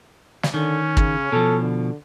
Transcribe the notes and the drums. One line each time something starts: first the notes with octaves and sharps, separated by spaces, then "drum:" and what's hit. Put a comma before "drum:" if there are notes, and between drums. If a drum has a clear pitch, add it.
drum: snare
D3 D#3 C#4
C#3, drum: kick
B2 F3 A4
D3